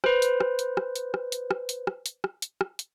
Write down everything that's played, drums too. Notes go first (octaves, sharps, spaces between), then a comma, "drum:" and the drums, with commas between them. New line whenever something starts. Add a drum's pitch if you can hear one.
B4 C5, drum: rim click
drum: hi-hat
drum: rim click
drum: hi-hat
drum: rim click
drum: hi-hat
drum: rim click
drum: hi-hat
drum: rim click
drum: hi-hat
drum: rim click
drum: hi-hat
drum: rim click
drum: hi-hat
drum: rim click
drum: hi-hat